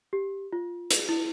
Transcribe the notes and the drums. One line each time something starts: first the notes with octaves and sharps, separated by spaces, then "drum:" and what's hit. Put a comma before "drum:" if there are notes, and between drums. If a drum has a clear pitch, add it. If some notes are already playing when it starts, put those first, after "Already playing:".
G4
F4
drum: hi-hat
E4